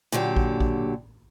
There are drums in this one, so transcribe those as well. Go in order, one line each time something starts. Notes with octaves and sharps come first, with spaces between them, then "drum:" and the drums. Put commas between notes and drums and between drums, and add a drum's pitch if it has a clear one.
A#2 D3 F#3 G4
drum: kick A1
drum: kick A1